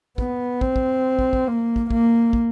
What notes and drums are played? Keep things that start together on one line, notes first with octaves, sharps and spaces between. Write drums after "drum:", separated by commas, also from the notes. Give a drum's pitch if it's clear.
B3, drum: kick
C4, drum: kick
drum: kick
drum: kick
drum: kick
A#3
drum: kick
A#3, drum: kick
drum: kick